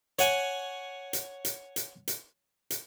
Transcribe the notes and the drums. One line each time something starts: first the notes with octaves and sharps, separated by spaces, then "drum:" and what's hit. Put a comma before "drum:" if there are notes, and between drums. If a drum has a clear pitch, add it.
C#5 F#5 G#5, drum: hi-hat
drum: hi-hat
drum: hi-hat
drum: hi-hat
drum: hi-hat
drum: hi-hat